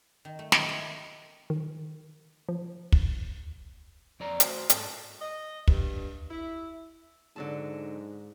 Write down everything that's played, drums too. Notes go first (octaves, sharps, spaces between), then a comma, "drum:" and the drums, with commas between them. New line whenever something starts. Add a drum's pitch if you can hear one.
D#3
A3
D#3, drum: snare
E4
D#3
F3
drum: kick
F2 D5 A#5
F#4 C5, drum: hi-hat
G#2 A4, drum: hi-hat
D#5
G2, drum: kick
E4
G#2 D3 F#3 A5